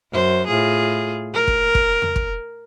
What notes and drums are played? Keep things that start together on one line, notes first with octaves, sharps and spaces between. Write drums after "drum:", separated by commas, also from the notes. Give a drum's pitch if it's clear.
F#2 C5
A2 F4 G#4
A#4
drum: kick
drum: kick
drum: tom E2
drum: kick